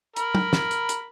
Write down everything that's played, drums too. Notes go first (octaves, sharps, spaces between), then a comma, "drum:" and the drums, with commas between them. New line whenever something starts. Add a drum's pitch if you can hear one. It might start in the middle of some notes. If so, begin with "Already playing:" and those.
A#4 B5, drum: hi-hat
drum: tom
drum: snare
drum: hi-hat
drum: hi-hat